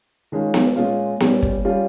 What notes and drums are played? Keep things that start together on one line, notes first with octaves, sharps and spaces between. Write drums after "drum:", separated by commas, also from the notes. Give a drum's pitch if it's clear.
D#3 G#3 C#4 F4
drum: snare B3
A#2 G#3 C#4 F4
A#2 G3 C#4, drum: snare B3
drum: kick
G3 C#4 F4